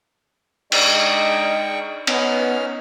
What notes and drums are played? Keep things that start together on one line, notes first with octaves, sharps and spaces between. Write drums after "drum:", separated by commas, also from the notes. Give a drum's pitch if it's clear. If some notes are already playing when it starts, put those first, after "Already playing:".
G#3 D4 D#4 D5 G5 C#6, drum: cymbal
B3 C#4 D#4 F6, drum: cymbal